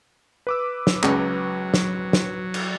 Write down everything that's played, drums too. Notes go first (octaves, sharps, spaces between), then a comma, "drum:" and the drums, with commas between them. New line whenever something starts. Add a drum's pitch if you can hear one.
B4 D6 E6
drum: snare
C#2 F#3, drum: clap
drum: snare
drum: snare
drum: cymbal